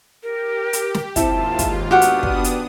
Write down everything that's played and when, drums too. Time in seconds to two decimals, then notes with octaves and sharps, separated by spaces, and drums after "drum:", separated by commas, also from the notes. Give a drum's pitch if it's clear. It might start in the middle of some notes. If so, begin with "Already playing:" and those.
0.23 G4 A#4
0.73 drum: hi-hat
0.94 drum: snare
1.16 D#2 G#2 C4 E4 F4 A5, drum: kick, hi-hat
1.59 drum: kick, hi-hat
1.91 B3 D4 F#4 G4 F#5 C#6 D#6 F6
2.01 drum: hi-hat
2.23 drum: kick
2.44 drum: hi-hat